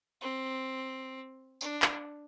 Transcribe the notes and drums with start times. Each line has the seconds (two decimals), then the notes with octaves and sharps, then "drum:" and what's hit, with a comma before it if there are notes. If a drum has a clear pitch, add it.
0.21 C4
1.61 D4, drum: tambourine
1.82 drum: clap